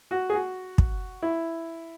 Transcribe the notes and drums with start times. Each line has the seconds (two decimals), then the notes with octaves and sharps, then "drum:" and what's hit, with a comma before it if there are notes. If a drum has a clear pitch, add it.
0.11 F#4
0.30 G#4
0.34 F#4
0.78 drum: kick
1.22 E4